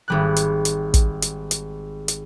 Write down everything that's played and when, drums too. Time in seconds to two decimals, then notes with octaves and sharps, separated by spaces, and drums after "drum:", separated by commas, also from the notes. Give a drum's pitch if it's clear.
0.08 G#1 G3 F#6
0.36 drum: hi-hat
0.65 drum: hi-hat
0.94 drum: kick, hi-hat
1.22 drum: hi-hat
1.51 drum: hi-hat
2.08 drum: hi-hat